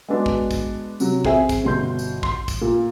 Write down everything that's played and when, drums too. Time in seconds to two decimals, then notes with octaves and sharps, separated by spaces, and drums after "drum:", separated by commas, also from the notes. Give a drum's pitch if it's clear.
0.09 G#3 B3 D4 F#4
0.26 drum: kick
0.51 drum: kick, tambourine
1.00 C3 F#3, drum: tambourine
1.25 C4 G#4 E5, drum: kick
1.49 drum: kick, tambourine
1.64 G1 B2 C6 G6
1.99 drum: tambourine
2.23 C6, drum: kick
2.48 drum: kick, tambourine
2.61 A#2